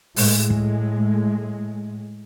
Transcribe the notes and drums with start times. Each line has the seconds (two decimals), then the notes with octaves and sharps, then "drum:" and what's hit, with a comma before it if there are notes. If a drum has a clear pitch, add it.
0.16 A2 G#3, drum: open hi-hat
0.50 drum: kick